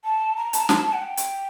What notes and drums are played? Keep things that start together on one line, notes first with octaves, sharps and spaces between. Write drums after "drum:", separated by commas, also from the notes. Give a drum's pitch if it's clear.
A5
A#5
A5, drum: hi-hat
A#5
A5, drum: snare
A5
F#5
G5
drum: hi-hat